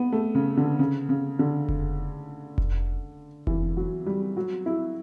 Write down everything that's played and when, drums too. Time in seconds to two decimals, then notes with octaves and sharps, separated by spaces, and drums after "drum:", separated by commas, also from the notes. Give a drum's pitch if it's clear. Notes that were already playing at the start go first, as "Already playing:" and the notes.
Already playing: B3
0.12 A3
0.35 C#3
0.57 D3
0.79 C#3
1.09 C#3
1.39 D3
1.69 drum: kick F1
2.58 drum: kick F1
3.47 E3, drum: kick F1
3.77 F#3
4.06 G3
4.37 F#3
4.66 E4